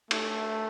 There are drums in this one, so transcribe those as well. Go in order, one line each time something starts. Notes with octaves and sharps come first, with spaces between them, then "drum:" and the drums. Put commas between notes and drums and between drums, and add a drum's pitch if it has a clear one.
A3, drum: cymbal